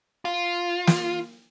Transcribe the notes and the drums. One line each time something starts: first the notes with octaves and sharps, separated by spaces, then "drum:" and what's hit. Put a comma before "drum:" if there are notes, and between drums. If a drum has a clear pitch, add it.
F4
drum: snare